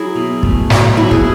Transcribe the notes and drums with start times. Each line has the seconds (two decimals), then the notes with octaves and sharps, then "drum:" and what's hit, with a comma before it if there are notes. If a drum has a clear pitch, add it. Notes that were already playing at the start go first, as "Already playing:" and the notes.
Already playing: F#3 E4 G#4
0.16 B2
0.43 A3, drum: kick
0.70 F#3, drum: snare
0.97 B2 E4
1.11 G#4, drum: kick